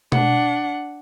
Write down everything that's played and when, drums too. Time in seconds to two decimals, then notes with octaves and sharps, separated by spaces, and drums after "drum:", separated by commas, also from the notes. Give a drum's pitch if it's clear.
0.12 D4 F#5, drum: tom B2